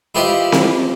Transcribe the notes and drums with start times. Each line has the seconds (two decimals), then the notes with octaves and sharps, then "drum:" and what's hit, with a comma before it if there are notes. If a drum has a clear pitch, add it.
0.15 E4 F4 G4 B4 C5 D#5
0.52 drum: snare C4